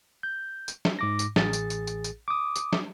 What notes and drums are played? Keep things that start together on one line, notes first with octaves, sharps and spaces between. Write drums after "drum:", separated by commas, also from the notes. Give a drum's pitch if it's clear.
G6
drum: tambourine
drum: snare
G#2 D6 A#6
drum: tambourine
A1 G#4 A6, drum: snare
drum: tambourine
drum: tambourine
drum: tambourine
drum: tambourine
D6 D#6
drum: tambourine
drum: snare